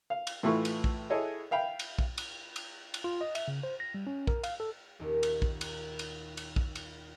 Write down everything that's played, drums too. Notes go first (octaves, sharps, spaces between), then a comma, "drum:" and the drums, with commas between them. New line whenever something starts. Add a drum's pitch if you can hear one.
F5
drum: cymbal
A2 E3 A3 F4 B4 C#6
drum: cymbal
drum: kick
E4 G#4 A4 C#5 D#5
E5 F5 G5 B5
drum: cymbal
drum: kick
drum: cymbal
drum: cymbal
drum: cymbal
F4
D#5
E5, drum: cymbal
C#3
C5
A#6
G3
C#4
A#4, drum: kick
F5, drum: cymbal
A4
D#1 D#2 D#4 A#4
drum: cymbal
drum: kick
drum: cymbal
drum: cymbal
drum: cymbal
drum: kick
drum: cymbal